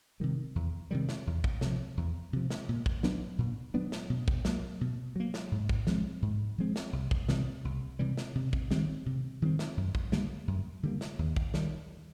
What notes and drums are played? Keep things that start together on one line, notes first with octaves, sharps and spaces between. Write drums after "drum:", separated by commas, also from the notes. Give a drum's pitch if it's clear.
C3 D#3 G3
E2
C3 D#3 G3
drum: snare
E2
drum: kick
C3 F3, drum: snare
E2
C3 F3
drum: snare
A#2
drum: kick
F#3 B3 D4, drum: snare
A#2
F#3 B3 D4
drum: snare
B2
drum: kick
F#3 A#3, drum: snare
B2
F#3 A#3
drum: snare
G#2
drum: kick
F3 G#3 C4, drum: snare
G#2
F3 G#3 C4
drum: snare
C2
drum: kick
C3 E3 G3, drum: snare
C2
C3 E3 G3
drum: snare
C3
drum: kick
D#3 G3 C4, drum: snare
C3
D#3 G3 C4
drum: snare
F#2
drum: kick
D3 G3 A#3, drum: snare
F#2
D3 G3 A#3
drum: snare
D#2
drum: kick
D#3 G3, drum: snare